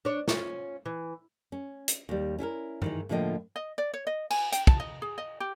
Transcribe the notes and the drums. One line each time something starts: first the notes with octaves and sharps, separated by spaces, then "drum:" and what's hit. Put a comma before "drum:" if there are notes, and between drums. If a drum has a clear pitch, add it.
D4 C#5
C#4 F4, drum: snare
E3
C#4
drum: hi-hat
D#2 G3
C#4 E4 A4 A#4
D#3 E3 G#3, drum: tom G2
A2 D3 F3 A#3 D#5 G5
D#5
D5
C#5
D#5
G#5, drum: cymbal
G5, drum: hi-hat
A5, drum: kick
D#5
G#4
D#5
G4